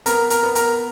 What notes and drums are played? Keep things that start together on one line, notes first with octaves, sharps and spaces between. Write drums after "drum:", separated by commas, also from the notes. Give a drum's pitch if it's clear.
B3 A#4 A#5, drum: hi-hat
A#4 A#5, drum: hi-hat
B3
A#4 A#5, drum: hi-hat